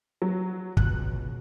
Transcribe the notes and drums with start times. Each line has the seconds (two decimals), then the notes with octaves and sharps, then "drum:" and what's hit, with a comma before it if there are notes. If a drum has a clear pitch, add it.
0.22 F#3
0.77 C#2 B2 F#6, drum: kick